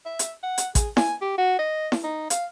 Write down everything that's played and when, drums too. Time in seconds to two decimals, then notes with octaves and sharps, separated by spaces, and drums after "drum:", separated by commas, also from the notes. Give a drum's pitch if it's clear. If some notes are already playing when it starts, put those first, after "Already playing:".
0.06 E5
0.19 drum: hi-hat
0.43 F#5
0.58 drum: hi-hat
0.75 G#4, drum: kick A1, hi-hat
0.97 G#5, drum: snare E4
1.21 G4
1.38 F#4
1.59 D#5
1.92 drum: snare E4
2.04 D#4
2.30 F5, drum: hi-hat